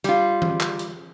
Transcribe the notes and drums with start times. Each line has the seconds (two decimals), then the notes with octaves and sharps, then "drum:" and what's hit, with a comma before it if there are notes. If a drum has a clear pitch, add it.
0.04 G3 F4, drum: hi-hat
0.42 drum: tom E3
0.61 drum: clap
0.79 drum: hi-hat